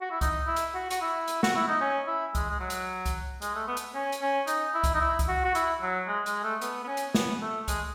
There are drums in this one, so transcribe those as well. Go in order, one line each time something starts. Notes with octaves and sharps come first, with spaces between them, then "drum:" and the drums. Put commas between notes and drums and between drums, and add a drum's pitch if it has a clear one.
F#4
E4
D#4, drum: kick C2, hi-hat
E4
drum: hi-hat
F#4
F#4, drum: hi-hat
E4
drum: hi-hat
F#4, drum: snare
E4
D#4
C#4
E4
G#3, drum: kick C2, hi-hat
G#3
F#3
drum: hi-hat
drum: kick C2, hi-hat
G#3, drum: hi-hat
A3
B3
drum: hi-hat
C#4
drum: hi-hat
C#4
D#4, drum: hi-hat
E4
drum: kick C2, hi-hat
D#4
E4
drum: kick C2, hi-hat
F#4
F#4
E4, drum: hi-hat
F#3
G#3
G#3, drum: hi-hat
A3
B3, drum: hi-hat
B3
C#4
drum: hi-hat
B3, drum: snare
A3
G#3, drum: kick C2, hi-hat